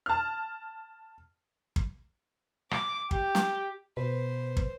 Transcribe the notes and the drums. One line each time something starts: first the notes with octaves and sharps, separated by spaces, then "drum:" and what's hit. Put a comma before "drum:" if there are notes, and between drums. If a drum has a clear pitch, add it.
A5 F6
drum: kick
D6, drum: rim click
G4, drum: kick
drum: snare
B2 B4 C5
drum: kick